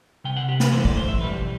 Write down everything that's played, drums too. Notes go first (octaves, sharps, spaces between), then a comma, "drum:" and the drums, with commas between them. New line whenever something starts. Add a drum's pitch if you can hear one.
C2 C3 G5
F#5
G4
B4, drum: snare
F#2 E3 A3 C5
D5, drum: kick
C5
E5
E2 B2 G3 B4